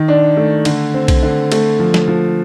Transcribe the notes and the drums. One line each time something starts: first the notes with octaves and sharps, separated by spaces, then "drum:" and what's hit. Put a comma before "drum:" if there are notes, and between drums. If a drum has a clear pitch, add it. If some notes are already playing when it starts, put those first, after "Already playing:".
Already playing: D#3
D4
A3
D3, drum: cymbal
C4
drum: kick B1, cymbal
D3
A3, drum: cymbal
F3
drum: snare
F3